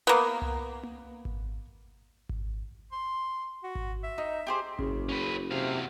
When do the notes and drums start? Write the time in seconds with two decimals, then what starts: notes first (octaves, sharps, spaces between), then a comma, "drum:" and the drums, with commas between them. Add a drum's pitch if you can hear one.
0.07 A#3 B3
0.42 drum: tom C2
0.83 drum: tom A#3
1.25 drum: kick G#1
2.29 drum: kick G#1
2.92 C6
3.64 F#4
3.75 drum: kick G#1
4.04 E5
4.18 D#4
4.47 G4 G#4 C5
4.79 F#1 C#3, drum: kick G#1
5.09 C#4 B4
5.51 E2 C3 F5